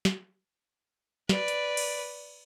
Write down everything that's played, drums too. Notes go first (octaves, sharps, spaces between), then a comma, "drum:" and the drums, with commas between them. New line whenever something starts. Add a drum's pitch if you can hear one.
drum: snare
B4 D5, drum: snare
drum: hi-hat
drum: cymbal